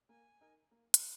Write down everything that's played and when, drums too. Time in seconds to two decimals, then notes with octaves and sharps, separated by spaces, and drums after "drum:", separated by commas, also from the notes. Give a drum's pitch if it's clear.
0.09 A#3 G#5
0.41 D#4 A#4
0.71 A#3
0.94 drum: hi-hat